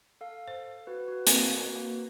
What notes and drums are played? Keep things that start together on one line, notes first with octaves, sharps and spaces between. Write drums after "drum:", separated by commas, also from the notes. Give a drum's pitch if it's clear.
A4 F5
C5
F#4 B4
F#4 B4
A#3 C4 A#4, drum: hi-hat